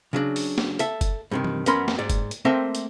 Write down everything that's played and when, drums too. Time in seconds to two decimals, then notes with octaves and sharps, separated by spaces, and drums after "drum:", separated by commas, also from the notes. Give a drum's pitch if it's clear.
0.13 C#3 F#3 D4
0.36 drum: open hi-hat
0.58 drum: snare
0.79 A4 E5, drum: hi-hat
1.01 drum: kick F#1, hi-hat
1.31 G2 C3 D#3
1.44 drum: tom E3
1.66 F#2 B3 C#4 A#4 B5 C6, drum: hi-hat
1.88 drum: snare
1.99 G#2 D5
2.10 drum: kick F#1, hi-hat
2.31 drum: hi-hat
2.45 A3 A#3 C4 C5 E5 G5
2.75 drum: hi-hat